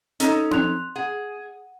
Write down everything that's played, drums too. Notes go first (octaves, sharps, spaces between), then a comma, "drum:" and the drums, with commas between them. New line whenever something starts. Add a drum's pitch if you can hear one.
C#4 D#4 A4, drum: hi-hat
C6 F#6 F7, drum: tom C4
G#4 F#5